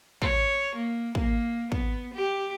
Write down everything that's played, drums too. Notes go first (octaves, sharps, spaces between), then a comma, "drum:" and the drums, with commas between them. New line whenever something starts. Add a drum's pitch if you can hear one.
C#5, drum: kick
A#3
A#3, drum: kick
B3, drum: kick
G4